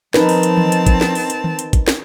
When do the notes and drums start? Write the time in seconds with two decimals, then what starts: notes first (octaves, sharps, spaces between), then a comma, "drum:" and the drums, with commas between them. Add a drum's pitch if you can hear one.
0.14 F3 C4 D#4 A#4 B4 A5, drum: snare
0.29 drum: open hi-hat
0.43 drum: hi-hat
0.58 drum: tom D#3
0.72 drum: hi-hat
0.87 drum: kick, hi-hat
1.01 drum: snare
1.15 drum: open hi-hat
1.30 drum: hi-hat
1.44 drum: tom D#3
1.59 drum: hi-hat
1.73 drum: kick, hi-hat
1.88 drum: snare